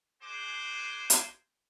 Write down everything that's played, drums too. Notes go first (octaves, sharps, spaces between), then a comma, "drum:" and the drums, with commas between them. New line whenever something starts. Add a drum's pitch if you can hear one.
G#3 F#4 G#4 C5 D6
drum: hi-hat